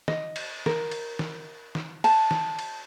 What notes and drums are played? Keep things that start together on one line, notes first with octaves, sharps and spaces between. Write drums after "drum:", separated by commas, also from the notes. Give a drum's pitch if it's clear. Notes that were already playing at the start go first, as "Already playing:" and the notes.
D#5, drum: snare
drum: cymbal
A#4, drum: snare
drum: cymbal
drum: snare
drum: snare
A5, drum: cymbal
drum: snare
drum: cymbal